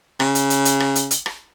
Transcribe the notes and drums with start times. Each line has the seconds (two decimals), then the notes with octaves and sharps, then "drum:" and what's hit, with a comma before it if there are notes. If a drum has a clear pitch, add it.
0.20 C#3, drum: rim click
0.35 drum: hi-hat
0.50 drum: hi-hat
0.65 drum: hi-hat
0.80 drum: rim click
0.95 drum: hi-hat
1.11 drum: hi-hat
1.26 drum: rim click